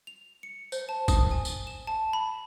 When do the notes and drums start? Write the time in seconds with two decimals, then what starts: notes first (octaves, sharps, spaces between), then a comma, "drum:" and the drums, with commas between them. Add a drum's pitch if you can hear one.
0.07 F7
0.43 C#7
0.72 C5, drum: tambourine
0.89 A5
1.08 D#6, drum: kick, tambourine
1.31 G#5
1.45 drum: tambourine
1.67 E7
1.87 A5
2.13 B5